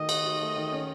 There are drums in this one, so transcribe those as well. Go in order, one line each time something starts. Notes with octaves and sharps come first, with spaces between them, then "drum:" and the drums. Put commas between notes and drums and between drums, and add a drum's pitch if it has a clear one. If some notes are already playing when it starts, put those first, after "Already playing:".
Already playing: D#3 A3 F#4 D#5
D#4, drum: cymbal
F#4
A3
D#3
C#4